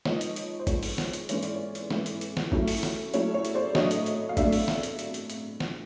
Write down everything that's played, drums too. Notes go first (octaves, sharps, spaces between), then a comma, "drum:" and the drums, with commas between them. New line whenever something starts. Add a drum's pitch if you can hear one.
F3 G#3 B3 D#4 C#5 D#5, drum: snare
drum: hi-hat
drum: hi-hat
C5
F3 G#3 B3 D#4 C#5, drum: kick, hi-hat
drum: open hi-hat
drum: snare
drum: hi-hat
E3 G#3 C#4 C#5, drum: hi-hat
D5, drum: hi-hat
C#5
drum: hi-hat
E3 G#3 C#4, drum: snare
drum: hi-hat
drum: hi-hat
drum: snare
F#3 A3 C#4 E4, drum: kick
drum: open hi-hat
drum: snare
F#3 A3 C#4 E4 C#5, drum: hi-hat
C#5
drum: hi-hat
C5 D5
A2 F#3 A3 D4 C#5 D#5, drum: snare
drum: hi-hat
drum: hi-hat
F5
A2 F#3 A3 D4 D5 E5, drum: kick, hi-hat
drum: open hi-hat
drum: snare
drum: hi-hat
drum: hi-hat
drum: hi-hat
drum: hi-hat
drum: snare